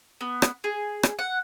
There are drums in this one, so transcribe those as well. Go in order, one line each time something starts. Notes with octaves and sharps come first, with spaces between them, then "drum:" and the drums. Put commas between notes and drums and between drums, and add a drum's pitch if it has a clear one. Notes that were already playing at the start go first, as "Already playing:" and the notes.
B3
drum: rim click
G#4
drum: rim click
F#5